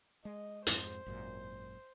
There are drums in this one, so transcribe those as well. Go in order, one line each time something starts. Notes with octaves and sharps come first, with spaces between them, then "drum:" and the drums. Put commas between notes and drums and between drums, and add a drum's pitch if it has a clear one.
G#3 D#5
F2 G#2 C5, drum: hi-hat
G#1 F#2 A#2